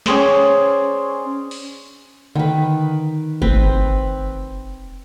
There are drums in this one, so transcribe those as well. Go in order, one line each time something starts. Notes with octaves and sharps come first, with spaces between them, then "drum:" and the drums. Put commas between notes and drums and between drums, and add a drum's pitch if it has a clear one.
C#4 G#4 C5 D5, drum: snare
drum: open hi-hat
D3 D#3 B4
F1 C4 B4, drum: kick G#1